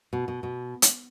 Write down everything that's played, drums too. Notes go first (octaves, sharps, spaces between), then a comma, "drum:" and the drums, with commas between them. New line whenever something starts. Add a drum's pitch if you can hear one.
B2
B2
B2
drum: hi-hat